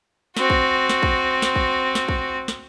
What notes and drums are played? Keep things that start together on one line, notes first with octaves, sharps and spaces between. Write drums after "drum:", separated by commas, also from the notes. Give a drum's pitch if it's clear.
C4 F#4, drum: snare
drum: kick
drum: snare
drum: kick
drum: snare
drum: kick
drum: snare
drum: kick
drum: snare